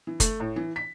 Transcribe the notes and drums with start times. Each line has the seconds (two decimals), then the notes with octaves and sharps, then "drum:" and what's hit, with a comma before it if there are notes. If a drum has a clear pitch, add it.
0.07 E3
0.20 A3, drum: kick F#1, hi-hat
0.40 A2
0.56 E3
0.76 B6